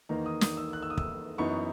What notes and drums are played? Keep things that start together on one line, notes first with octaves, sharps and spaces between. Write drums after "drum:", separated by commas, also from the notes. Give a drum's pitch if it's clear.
E2 D#3 A#3 D#4 A#5
D#6
D#6, drum: snare
E6
F#6
E6
D#6
E6, drum: kick
F#2 E3 B3 D#4 C#6